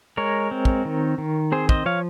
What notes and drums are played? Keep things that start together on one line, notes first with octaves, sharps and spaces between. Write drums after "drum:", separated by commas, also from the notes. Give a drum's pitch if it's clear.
G#3 A#4 C#5
C4
drum: kick
D#3
D#3
C4 G#4 C5
C5 D#5, drum: kick
F3 C#5 F5